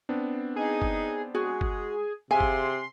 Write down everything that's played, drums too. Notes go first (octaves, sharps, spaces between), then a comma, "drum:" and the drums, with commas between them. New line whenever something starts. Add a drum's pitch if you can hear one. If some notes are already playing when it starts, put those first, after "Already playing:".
B3 C4 D4
D#4 G#4
drum: kick
G#3 F#4 G#4
drum: kick
C3 G#4 E5 F5 G#5 C6
drum: kick